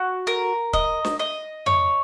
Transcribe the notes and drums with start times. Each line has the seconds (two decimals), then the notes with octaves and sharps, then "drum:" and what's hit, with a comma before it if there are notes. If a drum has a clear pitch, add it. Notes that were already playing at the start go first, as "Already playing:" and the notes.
Already playing: F#4
0.27 A#4
0.73 D#5, drum: kick
1.05 drum: snare
1.19 D#5
1.66 C#5, drum: tom F2